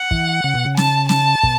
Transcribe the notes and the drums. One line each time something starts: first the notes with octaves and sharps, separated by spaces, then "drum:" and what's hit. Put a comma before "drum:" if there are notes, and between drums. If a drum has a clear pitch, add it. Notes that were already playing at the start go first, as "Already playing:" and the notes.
Already playing: F#5
E3, drum: kick
C#3
B2
C#3
A5, drum: snare
A5, drum: snare
B2, drum: kick